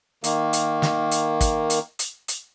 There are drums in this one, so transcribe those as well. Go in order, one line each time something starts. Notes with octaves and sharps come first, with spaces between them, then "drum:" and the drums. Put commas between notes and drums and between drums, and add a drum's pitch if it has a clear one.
D#3 A#3, drum: hi-hat
drum: hi-hat
drum: snare
drum: hi-hat
drum: kick, hi-hat
drum: hi-hat
drum: hi-hat
drum: hi-hat